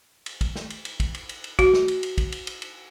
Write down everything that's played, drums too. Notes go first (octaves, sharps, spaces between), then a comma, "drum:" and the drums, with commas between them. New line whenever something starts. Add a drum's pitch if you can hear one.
drum: cymbal
drum: kick, cymbal
drum: snare
drum: cymbal
drum: cymbal
drum: kick, cymbal
drum: cymbal
drum: cymbal
drum: cymbal
F#4, drum: kick, cymbal
drum: snare
drum: cymbal
drum: cymbal
drum: kick, cymbal
drum: cymbal
drum: cymbal
drum: cymbal